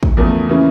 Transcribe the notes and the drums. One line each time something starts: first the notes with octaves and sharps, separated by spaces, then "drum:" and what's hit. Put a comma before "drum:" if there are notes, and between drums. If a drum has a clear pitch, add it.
drum: kick
E2 C#3 F3 A3 A#4
C#3 E3 A#3 C#4